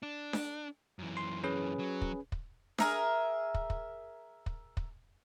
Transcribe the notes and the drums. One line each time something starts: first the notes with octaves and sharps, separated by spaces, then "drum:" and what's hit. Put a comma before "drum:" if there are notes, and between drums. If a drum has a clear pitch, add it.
D4
drum: snare D4
F#2 E3
C6
C#4 G#4 B4
F#3
drum: kick
drum: kick
G#4 A#4 E5, drum: snare D4
drum: kick
drum: kick
drum: kick
drum: kick